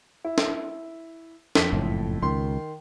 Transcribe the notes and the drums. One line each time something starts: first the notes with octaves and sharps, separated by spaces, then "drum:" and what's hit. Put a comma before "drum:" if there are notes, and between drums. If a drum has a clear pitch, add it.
E4
drum: snare D4
F2 B6 G7, drum: snare D4
F#1 A2
C#2 D#3 C6